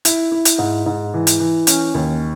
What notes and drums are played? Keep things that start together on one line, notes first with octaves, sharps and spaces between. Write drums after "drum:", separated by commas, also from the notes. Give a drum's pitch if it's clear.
E4, drum: hi-hat
E4
drum: hi-hat
G#2
G#2
E3
drum: hi-hat
E3
C#4, drum: hi-hat
D#2